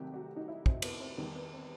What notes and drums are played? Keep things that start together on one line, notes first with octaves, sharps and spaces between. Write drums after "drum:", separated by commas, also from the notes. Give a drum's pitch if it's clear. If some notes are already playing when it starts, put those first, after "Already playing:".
Already playing: C2 C3 D#3 F#3 A3 G4
F#4
D#4
E4
C4, drum: kick
B3, drum: cymbal
C4
E2 D#3 G3
B3
C4